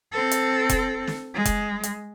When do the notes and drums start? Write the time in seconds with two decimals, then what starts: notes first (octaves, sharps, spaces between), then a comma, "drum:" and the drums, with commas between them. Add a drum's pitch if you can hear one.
0.12 C4 A4
0.31 drum: hi-hat
0.69 drum: kick F1, hi-hat
1.07 drum: snare
1.35 G#3
1.45 drum: kick F1, hi-hat
1.83 drum: hi-hat